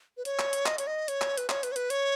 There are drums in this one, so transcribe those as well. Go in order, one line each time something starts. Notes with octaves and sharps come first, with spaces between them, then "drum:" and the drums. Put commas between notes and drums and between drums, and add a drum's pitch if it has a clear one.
B4
C#5, drum: hi-hat
drum: clap
drum: hi-hat
D#5, drum: clap
C#5, drum: hi-hat
D#5
C#5, drum: hi-hat
drum: clap
B4, drum: hi-hat
C#5, drum: clap
B4, drum: hi-hat
C#5
B4, drum: hi-hat
C#5, drum: hi-hat